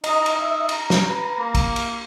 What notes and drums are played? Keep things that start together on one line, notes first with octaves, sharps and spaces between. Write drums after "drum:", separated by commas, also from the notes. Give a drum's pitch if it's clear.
D#4 D#5 A#5, drum: cymbal
drum: cymbal
E5
A#5, drum: cymbal
drum: snare
B4
A#3
drum: kick, cymbal
drum: cymbal